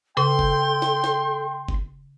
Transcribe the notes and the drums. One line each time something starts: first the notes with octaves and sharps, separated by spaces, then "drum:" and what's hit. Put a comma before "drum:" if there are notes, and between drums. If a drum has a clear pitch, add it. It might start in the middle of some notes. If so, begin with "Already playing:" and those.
C#3 A4 G5 C6
drum: kick F#1
drum: snare
drum: snare
drum: kick F#1